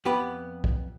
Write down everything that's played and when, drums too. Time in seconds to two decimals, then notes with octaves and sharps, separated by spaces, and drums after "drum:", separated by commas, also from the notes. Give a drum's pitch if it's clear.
0.05 F2 B3 G4 B4 B5
0.64 drum: kick